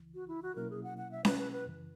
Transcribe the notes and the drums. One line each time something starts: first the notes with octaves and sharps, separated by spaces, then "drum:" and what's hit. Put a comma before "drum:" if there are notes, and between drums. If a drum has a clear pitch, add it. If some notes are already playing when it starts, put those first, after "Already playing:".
Already playing: C#2 C#3 E3
F#4
E4
F#4
B2 F#3 A#3 C#4 E4 A#4
G#4
F#5
F#5
E5
B4, drum: snare C#4
B4
B4
F#2 C#3 E3